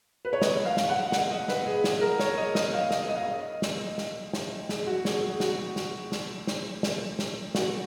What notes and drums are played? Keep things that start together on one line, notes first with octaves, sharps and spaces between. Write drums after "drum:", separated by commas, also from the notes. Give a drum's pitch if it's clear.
B4
C#5
D#5, drum: snare
F5
drum: snare
F#5
F#5, drum: snare
D#5
B4, drum: snare
G#4
G#4, drum: snare
A#4
C#5, drum: snare
D#5
D#5, drum: snare
F5
D#5, drum: snare
D#5
F5
D#5
drum: snare
drum: snare
drum: snare
G#4, drum: snare
F#4
G#4, drum: snare
G#4
F#4, drum: snare
drum: snare
drum: snare
drum: snare
drum: snare
drum: snare
F#4, drum: snare